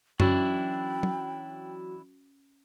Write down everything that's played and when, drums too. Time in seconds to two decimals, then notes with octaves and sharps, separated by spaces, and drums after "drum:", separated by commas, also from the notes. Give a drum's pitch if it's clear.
0.20 E3 F#3 C#4 D4 E4 G5, drum: tom F#2
1.03 drum: tom